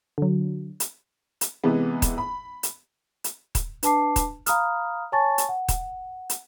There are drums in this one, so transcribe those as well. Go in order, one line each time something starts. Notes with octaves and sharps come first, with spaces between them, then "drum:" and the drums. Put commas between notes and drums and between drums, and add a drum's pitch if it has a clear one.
D3 F#3
drum: hi-hat
drum: hi-hat
C3 E3 G#3 B3
drum: kick D#1, hi-hat
B5
drum: hi-hat
drum: hi-hat
drum: kick D#1, hi-hat
D4 B4 A5 D6 C7, drum: hi-hat
drum: kick D#1, hi-hat
F5 A#5 B5 D#6 F6, drum: hi-hat
C#5 G#5 A5 C#6 A6
drum: hi-hat
F#5
drum: kick D#1, hi-hat
drum: hi-hat